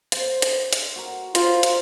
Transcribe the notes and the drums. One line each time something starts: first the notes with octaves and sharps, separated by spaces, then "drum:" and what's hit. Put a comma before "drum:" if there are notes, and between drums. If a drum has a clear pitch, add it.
C5, drum: hi-hat
drum: hi-hat
drum: hi-hat
F#4 A#4
F4 C5, drum: hi-hat
drum: hi-hat